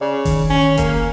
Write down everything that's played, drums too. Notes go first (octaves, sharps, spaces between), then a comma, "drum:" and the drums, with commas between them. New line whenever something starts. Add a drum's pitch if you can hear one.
C#3 D5
D#3, drum: kick F1, open hi-hat
C#4
A#3, drum: kick F1, hi-hat